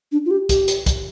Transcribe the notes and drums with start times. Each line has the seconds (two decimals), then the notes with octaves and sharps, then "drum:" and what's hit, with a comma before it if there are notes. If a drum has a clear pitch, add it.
0.12 D4
0.26 F4
0.31 G4
0.49 G4, drum: kick, hi-hat
0.68 drum: hi-hat
0.86 drum: kick, hi-hat